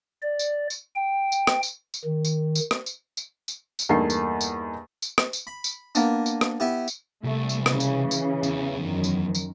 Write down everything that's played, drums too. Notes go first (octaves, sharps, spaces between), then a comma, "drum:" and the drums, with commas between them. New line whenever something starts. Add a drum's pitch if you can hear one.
D5
drum: tambourine
drum: tambourine
G5
drum: tambourine
drum: rim click
drum: tambourine
drum: tambourine
D#3
drum: tambourine
drum: tambourine
drum: rim click
drum: tambourine
drum: tambourine
drum: tambourine
drum: tambourine
E2 G2 A3 A#3 D#4 C7
drum: tambourine
drum: tambourine
drum: tambourine
drum: rim click
drum: tambourine
B5
drum: tambourine
A#3 B3 D4, drum: tambourine
drum: tambourine
drum: rim click
B3 E4 G4
drum: tambourine
C2 A3
drum: tambourine
C#3 E3, drum: rim click
drum: tambourine
drum: tambourine
E2, drum: tambourine
F#2 D#3
drum: tambourine
drum: tambourine